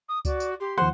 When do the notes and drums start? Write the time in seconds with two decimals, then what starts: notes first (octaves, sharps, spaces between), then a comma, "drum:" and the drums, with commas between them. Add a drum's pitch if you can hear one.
0.08 D#6
0.25 F#4 D5, drum: kick C#2, tambourine
0.40 drum: tambourine
0.60 G4 C6
0.78 D#2 F3 C5 F#5